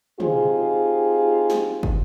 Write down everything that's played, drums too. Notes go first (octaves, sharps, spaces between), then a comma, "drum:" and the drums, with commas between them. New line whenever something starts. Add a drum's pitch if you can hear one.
C4 D#4 F4 G4 G#4 C5, drum: tom
drum: snare
drum: kick